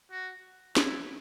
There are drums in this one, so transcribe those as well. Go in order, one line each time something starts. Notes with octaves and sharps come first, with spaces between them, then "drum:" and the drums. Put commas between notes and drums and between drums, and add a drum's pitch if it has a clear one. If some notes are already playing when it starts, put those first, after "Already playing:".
F#4
E4, drum: snare